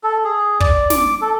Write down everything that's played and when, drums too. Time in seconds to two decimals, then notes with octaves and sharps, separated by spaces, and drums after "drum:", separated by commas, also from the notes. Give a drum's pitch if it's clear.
0.04 A4
0.24 G#4
0.60 D5, drum: kick
0.90 D6, drum: snare
1.22 A4